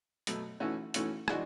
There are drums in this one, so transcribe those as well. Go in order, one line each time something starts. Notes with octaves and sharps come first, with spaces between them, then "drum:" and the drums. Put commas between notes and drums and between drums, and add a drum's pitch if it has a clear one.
B2 F#3 A3, drum: hi-hat
E3 A3 C#4 F#4
E3 A3 C#4 F#4, drum: hi-hat
E3 G#3 D4 F#4, drum: rim click